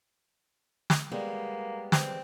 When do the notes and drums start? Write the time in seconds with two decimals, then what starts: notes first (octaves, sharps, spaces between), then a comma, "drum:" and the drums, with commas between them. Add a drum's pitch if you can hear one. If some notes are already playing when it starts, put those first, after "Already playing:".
0.90 drum: snare
1.11 G3 G#3 A#3 B3
1.92 C4, drum: snare